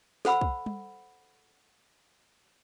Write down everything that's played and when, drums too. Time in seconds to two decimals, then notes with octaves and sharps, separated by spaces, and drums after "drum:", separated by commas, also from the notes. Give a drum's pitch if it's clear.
0.25 A4 C5 F#5 B5 E6, drum: snare
0.41 drum: kick
0.66 drum: tom G3